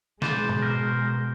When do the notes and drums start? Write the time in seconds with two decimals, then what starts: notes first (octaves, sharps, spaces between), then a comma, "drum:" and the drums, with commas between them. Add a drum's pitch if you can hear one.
0.22 B2 G#3 B4 C5 D5, drum: snare
0.49 drum: tom G#2
0.62 A#4 C5